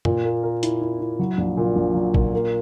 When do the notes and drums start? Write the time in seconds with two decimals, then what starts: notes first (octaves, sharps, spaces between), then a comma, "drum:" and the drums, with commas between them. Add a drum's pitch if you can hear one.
0.05 A#2, drum: tom
0.25 A#3
0.43 A#4
0.63 E4, drum: hi-hat
0.82 E4
1.00 E4
1.19 F#3
1.38 A#1
1.57 A#2
1.76 A#1
1.95 F#3
2.14 A#2, drum: kick
2.33 A#3